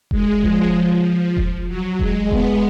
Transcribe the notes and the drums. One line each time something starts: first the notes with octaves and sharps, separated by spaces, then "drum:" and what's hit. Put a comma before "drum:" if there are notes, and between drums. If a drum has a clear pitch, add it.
G#3, drum: kick E1
F3, drum: kick E1
drum: kick E1
F#3
G#3, drum: kick E1
B3, drum: kick E1